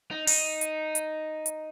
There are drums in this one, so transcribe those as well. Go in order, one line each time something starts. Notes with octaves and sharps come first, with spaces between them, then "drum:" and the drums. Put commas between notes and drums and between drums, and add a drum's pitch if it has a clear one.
D#4
D#4, drum: open hi-hat
drum: hi-hat
drum: hi-hat
drum: hi-hat